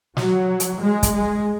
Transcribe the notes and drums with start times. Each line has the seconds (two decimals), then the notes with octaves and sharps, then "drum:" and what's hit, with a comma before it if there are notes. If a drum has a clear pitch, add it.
0.17 F#3, drum: snare
0.60 drum: hi-hat
0.81 G#3
1.03 drum: kick, hi-hat
1.13 G#3